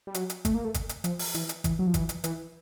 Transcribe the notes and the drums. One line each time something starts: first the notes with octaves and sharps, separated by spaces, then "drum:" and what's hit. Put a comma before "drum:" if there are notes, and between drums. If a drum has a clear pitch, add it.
G3
F#3, drum: hi-hat
drum: hi-hat
A3, drum: kick, hi-hat
A#3
A3
drum: kick, hi-hat
drum: hi-hat
F3, drum: hi-hat
drum: open hi-hat
E3, drum: hi-hat
drum: hi-hat
E3, drum: kick, hi-hat
F#3
F3
E3, drum: kick, hi-hat
drum: hi-hat
E3, drum: hi-hat